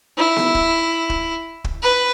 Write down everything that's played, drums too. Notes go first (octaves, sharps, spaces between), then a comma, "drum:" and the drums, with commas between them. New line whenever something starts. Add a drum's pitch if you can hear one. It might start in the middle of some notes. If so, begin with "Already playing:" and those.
E4
drum: snare B3
drum: kick
drum: kick
drum: kick
B4